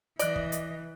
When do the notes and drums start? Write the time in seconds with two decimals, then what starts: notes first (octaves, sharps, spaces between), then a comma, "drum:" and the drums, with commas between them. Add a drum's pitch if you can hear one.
0.19 E3 D5 D#5 F#6, drum: hi-hat
0.36 drum: kick
0.52 drum: hi-hat